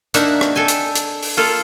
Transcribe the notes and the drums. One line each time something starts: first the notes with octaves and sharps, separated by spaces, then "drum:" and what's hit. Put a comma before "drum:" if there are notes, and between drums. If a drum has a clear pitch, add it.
A#3 D4 D#4 E5 F#5, drum: hi-hat
drum: rim click
A4 G5 G#5
drum: hi-hat
drum: hi-hat
drum: open hi-hat
A#3 F4 A4